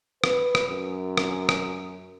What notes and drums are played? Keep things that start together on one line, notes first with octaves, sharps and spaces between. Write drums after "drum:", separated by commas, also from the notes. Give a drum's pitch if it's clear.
B4, drum: rim click
drum: rim click
F#2
drum: rim click
drum: rim click